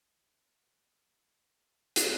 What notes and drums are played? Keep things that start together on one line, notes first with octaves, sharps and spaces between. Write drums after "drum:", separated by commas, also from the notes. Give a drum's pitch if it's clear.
A#3 B3 A4 E5 C#6
drum: hi-hat